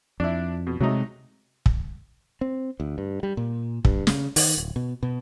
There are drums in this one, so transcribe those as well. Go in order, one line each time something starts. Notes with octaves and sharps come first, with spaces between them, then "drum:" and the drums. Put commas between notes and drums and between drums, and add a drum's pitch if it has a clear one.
F2 D4 E4
B2
C3 F#3 G#3 A3 D#4
drum: kick
C4
D2
G2
G3
A#2
G2, drum: kick
C#3, drum: snare
D#3, drum: open hi-hat
D1
B2
B2